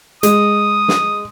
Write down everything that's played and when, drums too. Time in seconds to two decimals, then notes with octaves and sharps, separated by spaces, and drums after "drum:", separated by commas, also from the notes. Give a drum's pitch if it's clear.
0.23 G#3 D#6, drum: hi-hat
0.88 drum: snare